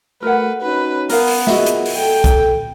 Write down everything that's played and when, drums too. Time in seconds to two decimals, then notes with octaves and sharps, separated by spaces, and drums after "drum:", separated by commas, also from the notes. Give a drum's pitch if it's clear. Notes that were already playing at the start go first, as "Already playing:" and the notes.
0.22 A3 F#4 A#4 B4 F#5
0.62 C#4 D#4 F#4 B4
1.09 B3 A#4 F5, drum: open hi-hat
1.28 drum: open hi-hat
1.47 A#2 F4 F#4 G#4 D#5 E5, drum: snare
1.66 drum: hi-hat
1.86 drum: open hi-hat
1.96 A4 G5
2.24 drum: kick C2, hi-hat